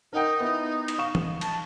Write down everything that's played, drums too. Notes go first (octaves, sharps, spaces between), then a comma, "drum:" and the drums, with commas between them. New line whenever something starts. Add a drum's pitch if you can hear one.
D#4 A#4 F#5 G5
B3 E4
drum: cymbal
F5 C#6 E7
drum: tom
A5, drum: cymbal